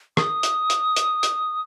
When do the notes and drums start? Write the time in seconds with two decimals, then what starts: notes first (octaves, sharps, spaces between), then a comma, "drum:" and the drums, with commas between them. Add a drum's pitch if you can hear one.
0.17 D#6, drum: rim click
0.43 drum: hi-hat
0.70 drum: hi-hat
0.96 drum: hi-hat
1.23 drum: hi-hat